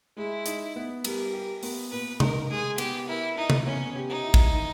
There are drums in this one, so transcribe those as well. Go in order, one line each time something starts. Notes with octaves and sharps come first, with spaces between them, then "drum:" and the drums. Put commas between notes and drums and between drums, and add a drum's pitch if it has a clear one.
G#3 E4
D#4, drum: hi-hat
B3
G3 A#4, drum: cymbal
G4
B3, drum: open hi-hat
A#2 B4
D#4 A#4, drum: tom C3
G#3 G#4
B3 G4, drum: cymbal
E4 A#4
D#4 E4
drum: tom C3
B3 C#4
G4
D#4
E4
drum: kick
D#3